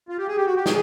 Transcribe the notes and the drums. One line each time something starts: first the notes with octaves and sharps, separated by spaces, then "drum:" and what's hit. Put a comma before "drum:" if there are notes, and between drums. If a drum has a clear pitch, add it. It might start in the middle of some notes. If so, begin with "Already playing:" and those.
F4
G4
G#4
G4
F#4
G4
G#4, drum: snare